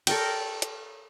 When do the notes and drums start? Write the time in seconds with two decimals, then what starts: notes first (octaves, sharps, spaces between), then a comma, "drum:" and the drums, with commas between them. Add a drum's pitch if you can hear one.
0.07 A4 A#4 G5, drum: cymbal
0.62 drum: hi-hat